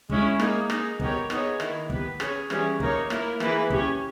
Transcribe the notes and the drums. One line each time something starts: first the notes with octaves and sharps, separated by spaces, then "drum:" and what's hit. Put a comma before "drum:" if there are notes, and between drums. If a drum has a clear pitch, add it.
G#3 C#4 E4, drum: kick
A#3 D#4 G#4, drum: rim click
A#3 D#4 G#4, drum: rim click
B3 D#4 G4 A#4 C#5, drum: kick
B3 D#4 G#4 C#5, drum: rim click
D#3 A#3 E4, drum: rim click
B3 G4 B4, drum: kick
C#4 G#4 C#5, drum: rim click
E3 G3 C#4 G#4, drum: rim click
A#3 D#4 A#4 C#5, drum: kick
A#3 E4 A#4, drum: rim click
E3 A#3 E4 G#4 B4, drum: rim click
C#4 G4 C#5, drum: kick